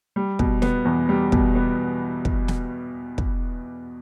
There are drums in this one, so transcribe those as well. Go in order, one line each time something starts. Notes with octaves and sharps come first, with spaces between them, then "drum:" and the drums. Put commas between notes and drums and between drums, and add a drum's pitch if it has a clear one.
G3
B2, drum: kick
B3, drum: snare
E2
G3
B2, drum: kick
B3
drum: kick
drum: snare
drum: kick